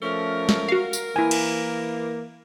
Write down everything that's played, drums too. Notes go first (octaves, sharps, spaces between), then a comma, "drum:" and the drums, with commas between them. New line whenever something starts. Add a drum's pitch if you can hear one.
F3 A3 C#4 A#4
drum: snare
F#4 F5
drum: tambourine
E3 A#3 E4 G#5
drum: cymbal